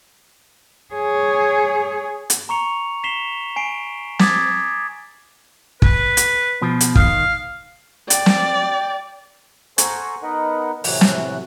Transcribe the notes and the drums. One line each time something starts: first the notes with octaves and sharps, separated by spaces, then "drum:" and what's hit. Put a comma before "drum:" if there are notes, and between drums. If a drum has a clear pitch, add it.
G#4 C#5
drum: hi-hat
A#5 C#6 C#7 F7
B6 C7 E7 F7 G7
G#5 C7 D7
D6 D#6 G#6 A6 B6, drum: snare
B4, drum: kick
drum: hi-hat
B2 F3
drum: hi-hat
D#3 F5, drum: kick
D5 G5, drum: hi-hat
drum: snare
A4 C5 F#5 G#5 A#5 C#6, drum: hi-hat
B3 D#4 A#4 B4 D#5 F#5
A2 C3 E3 F#3 F#6, drum: open hi-hat
drum: snare